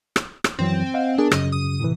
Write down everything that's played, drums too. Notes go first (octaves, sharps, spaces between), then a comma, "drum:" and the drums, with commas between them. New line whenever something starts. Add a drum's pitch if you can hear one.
drum: rim click
drum: rim click
F#2 E3 F#3 C4
D#5 F5 F#5
B3 D4 G#4 A#4
F#2 C#3 D#5, drum: rim click
D#6
A2 C3 E3